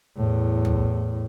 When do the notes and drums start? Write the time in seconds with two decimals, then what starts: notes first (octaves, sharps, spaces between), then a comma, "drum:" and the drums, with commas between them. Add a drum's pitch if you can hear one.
0.17 E2 A2
0.65 drum: tom